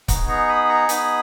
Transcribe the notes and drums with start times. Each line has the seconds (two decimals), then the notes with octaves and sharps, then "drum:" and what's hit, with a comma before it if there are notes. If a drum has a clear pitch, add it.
0.08 B3 D#4 G#4 A#5 C#6, drum: kick C#1, hi-hat
0.29 A#5 C#6
0.49 B5 D#6
0.69 A#5 C#6
0.89 B3 D#4 G#4 B5 D#6, drum: hi-hat